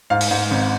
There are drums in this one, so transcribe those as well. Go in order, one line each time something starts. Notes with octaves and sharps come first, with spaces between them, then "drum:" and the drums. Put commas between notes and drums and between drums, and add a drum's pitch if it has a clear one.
G#2 F5
drum: open hi-hat
G#2
G#1